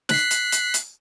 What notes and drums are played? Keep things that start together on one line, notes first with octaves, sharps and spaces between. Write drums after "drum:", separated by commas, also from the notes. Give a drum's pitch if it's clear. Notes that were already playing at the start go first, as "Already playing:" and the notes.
F#6 B6 C7, drum: snare
drum: hi-hat
drum: hi-hat
drum: hi-hat